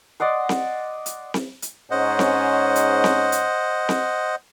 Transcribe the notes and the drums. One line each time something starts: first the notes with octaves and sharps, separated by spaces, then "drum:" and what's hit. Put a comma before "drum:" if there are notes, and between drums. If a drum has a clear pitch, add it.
D5 D#5 F#5 C6
drum: snare C4
drum: hi-hat
drum: snare C4
drum: hi-hat
G#2 C#4 C5 D#5 F#5
drum: snare C4
drum: hi-hat
drum: snare C4
drum: hi-hat
drum: snare C4